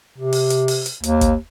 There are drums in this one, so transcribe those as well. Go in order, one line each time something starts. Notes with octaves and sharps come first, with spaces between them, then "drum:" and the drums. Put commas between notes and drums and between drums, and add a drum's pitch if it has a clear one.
C3
drum: open hi-hat
drum: hi-hat
drum: open hi-hat
drum: hi-hat
D#2, drum: hi-hat
drum: kick, hi-hat